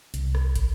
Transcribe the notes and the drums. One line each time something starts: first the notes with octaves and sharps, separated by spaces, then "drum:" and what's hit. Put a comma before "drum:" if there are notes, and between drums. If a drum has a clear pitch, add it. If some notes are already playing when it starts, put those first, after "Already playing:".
C2, drum: hi-hat
drum: rim click
drum: kick, hi-hat